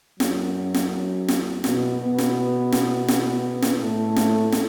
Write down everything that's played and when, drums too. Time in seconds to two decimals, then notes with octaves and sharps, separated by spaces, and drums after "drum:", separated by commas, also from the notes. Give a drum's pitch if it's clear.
0.20 F#2 F#3, drum: snare
0.74 drum: snare
1.28 drum: snare
1.64 B2 B3, drum: snare
2.00 B2 B3
2.18 drum: snare
2.72 drum: snare
3.08 drum: snare
3.62 drum: snare
3.80 A2 A3
4.16 drum: snare
4.52 drum: snare